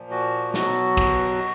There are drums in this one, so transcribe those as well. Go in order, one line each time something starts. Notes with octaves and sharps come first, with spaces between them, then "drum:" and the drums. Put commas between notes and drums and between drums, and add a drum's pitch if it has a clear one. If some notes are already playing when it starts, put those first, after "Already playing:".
Already playing: A#2 F3
F#4
B2 F#3 F#4, drum: snare
drum: kick, cymbal